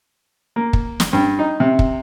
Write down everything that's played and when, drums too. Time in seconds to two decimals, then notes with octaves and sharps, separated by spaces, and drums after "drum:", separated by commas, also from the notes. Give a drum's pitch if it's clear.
0.56 A#3
0.73 drum: kick
1.00 drum: snare
1.13 G2
1.39 D#4
1.60 C3
1.79 drum: kick